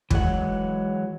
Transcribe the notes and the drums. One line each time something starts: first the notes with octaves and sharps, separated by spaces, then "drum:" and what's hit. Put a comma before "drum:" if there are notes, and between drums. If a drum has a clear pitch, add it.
E3 F#3 G#3 F#5, drum: kick